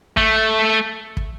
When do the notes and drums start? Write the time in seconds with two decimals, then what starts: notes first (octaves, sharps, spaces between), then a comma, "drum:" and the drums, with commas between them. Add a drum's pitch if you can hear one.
0.17 A3, drum: kick
1.17 drum: kick